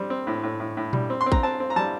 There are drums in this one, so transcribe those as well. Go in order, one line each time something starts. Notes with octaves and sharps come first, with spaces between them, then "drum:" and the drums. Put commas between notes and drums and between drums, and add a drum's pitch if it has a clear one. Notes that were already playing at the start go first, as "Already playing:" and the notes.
Already playing: G3 C4
C4
A2
A2
A2
A2
G3, drum: tom A#2
C4
C6
C4
A#5, drum: kick
C4 A5
C4
A#5
G3 A5